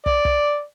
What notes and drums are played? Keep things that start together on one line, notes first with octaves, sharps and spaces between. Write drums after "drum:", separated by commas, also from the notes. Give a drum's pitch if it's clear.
D5, drum: kick
drum: kick